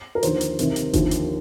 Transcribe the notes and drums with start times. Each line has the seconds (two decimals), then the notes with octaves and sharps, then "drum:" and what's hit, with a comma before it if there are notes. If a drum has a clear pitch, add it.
0.15 A#4
0.23 D#2 D3 F3 C5, drum: hi-hat
0.41 drum: hi-hat
0.59 C2 C3 D#3, drum: hi-hat
0.76 drum: hi-hat
0.93 D#2 D3 F3, drum: kick G1, hi-hat
1.11 drum: hi-hat